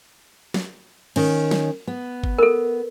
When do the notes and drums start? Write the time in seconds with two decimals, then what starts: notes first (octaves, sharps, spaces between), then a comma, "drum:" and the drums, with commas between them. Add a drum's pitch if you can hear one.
0.54 drum: snare
1.16 D#3 C#4, drum: cymbal
1.51 drum: snare
1.87 B3
2.24 drum: kick G1
2.38 A4 A#4